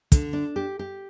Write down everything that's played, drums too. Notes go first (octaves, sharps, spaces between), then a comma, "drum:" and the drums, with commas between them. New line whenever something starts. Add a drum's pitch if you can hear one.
D3, drum: kick, hi-hat
D4
G4
G4